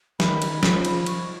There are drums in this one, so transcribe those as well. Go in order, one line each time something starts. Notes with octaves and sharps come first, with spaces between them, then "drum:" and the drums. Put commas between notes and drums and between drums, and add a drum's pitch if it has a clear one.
D#3 B5, drum: snare
drum: cymbal
F3, drum: snare
drum: cymbal
C#6, drum: cymbal